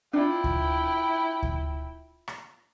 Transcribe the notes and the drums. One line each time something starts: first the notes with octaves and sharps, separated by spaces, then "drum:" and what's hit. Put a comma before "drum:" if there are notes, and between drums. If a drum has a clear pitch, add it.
D4 E4 F4 G5
drum: kick D2
drum: kick D2
drum: rim click